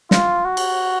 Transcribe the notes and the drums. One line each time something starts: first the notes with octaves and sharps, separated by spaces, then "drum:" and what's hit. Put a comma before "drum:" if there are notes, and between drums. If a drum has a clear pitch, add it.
F4, drum: snare
F#4
drum: cymbal